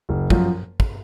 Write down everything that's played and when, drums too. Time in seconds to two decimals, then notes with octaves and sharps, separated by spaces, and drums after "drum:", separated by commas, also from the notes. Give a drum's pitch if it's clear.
0.09 F#1
0.30 F#2 F3, drum: kick
0.80 drum: kick